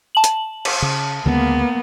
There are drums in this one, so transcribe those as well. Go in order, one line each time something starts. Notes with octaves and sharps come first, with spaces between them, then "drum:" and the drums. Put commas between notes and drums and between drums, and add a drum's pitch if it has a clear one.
A5 F#7
drum: hi-hat
drum: cymbal
C#3
D2 C#3 G#3 A#3 B3